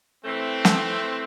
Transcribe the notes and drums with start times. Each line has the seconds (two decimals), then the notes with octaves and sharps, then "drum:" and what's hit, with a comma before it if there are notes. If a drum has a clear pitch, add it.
0.24 E3 A3 C4
0.65 drum: snare